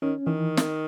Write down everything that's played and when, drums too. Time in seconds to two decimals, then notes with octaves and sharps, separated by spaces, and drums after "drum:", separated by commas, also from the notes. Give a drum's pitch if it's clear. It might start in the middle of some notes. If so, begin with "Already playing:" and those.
0.02 D#3 C#4
0.27 D#3 E3
0.57 drum: snare